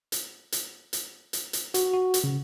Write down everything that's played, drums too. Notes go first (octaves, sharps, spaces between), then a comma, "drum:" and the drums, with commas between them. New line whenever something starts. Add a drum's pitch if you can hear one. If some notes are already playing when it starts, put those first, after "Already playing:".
drum: hi-hat
drum: hi-hat
drum: hi-hat
drum: hi-hat
drum: hi-hat
F#4, drum: hi-hat
F#4
drum: hi-hat
C#3